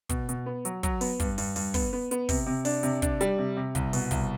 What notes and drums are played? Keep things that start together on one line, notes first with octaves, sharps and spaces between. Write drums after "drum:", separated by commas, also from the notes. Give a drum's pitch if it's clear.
B2, drum: kick, hi-hat
B2, drum: hi-hat
B3
F#3, drum: hi-hat
F#3, drum: kick, hi-hat
B3, drum: open hi-hat
G2, drum: kick, hi-hat
G2, drum: open hi-hat
G2, drum: open hi-hat
B3, drum: kick, open hi-hat
B3
B3, drum: hi-hat
C3, drum: kick, open hi-hat
C3
D4, drum: open hi-hat
C3, drum: hi-hat
D4, drum: kick, hi-hat
G3, drum: hi-hat
C3
C3
C2, drum: kick, hi-hat
B2, drum: open hi-hat
C2, drum: kick, hi-hat